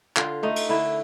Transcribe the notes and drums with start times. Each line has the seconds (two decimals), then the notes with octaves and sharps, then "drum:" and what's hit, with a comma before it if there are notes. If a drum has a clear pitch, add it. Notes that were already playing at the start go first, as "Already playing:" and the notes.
0.16 D3 F4, drum: clap
0.43 A3 D#4
0.56 drum: cymbal
0.69 D3 E4